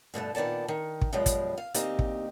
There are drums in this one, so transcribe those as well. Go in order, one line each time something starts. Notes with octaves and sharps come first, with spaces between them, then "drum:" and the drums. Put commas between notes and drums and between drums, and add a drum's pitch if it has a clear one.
G2 B2 D3 A3
A#2 D#3 B3 D5 A5
D#3
drum: kick
F#2 B2 F3 G3 G#3
drum: kick, hi-hat
F5
D2 A#3 C4 D#4 G4 D#5, drum: hi-hat
drum: kick